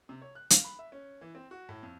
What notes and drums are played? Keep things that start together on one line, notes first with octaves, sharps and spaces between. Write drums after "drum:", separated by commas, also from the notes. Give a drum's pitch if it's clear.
C3
C#5
F#6
F5, drum: hi-hat
B5
E5
C#4
E3
C4
F#4
A2
F2